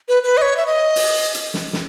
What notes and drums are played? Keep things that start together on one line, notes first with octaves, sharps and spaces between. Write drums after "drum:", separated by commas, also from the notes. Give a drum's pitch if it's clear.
B4
B4
D#5
C#5
E5
D#5
drum: open hi-hat
drum: hi-hat
drum: snare
drum: snare